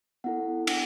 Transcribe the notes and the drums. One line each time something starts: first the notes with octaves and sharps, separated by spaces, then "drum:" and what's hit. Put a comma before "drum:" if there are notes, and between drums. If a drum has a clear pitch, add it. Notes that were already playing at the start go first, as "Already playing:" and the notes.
B3 E4 A4 F#5
D4 F#5, drum: cymbal